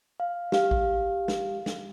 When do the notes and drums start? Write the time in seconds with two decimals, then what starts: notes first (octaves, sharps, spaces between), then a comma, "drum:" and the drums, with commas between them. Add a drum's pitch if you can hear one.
0.20 F5
0.52 G4 F5, drum: snare
0.71 drum: kick A1
1.28 drum: snare
1.66 drum: snare